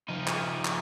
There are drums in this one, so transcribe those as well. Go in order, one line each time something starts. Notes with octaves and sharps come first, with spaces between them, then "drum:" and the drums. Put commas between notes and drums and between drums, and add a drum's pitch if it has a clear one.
F3 D#4
drum: clap
drum: clap